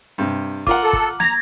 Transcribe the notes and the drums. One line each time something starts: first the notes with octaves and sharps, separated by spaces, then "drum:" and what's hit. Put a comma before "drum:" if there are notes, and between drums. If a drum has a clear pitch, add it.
G2 C3
F4 A#4 F#5 D6, drum: kick
A4
drum: kick
A#5 G#6 A#6, drum: snare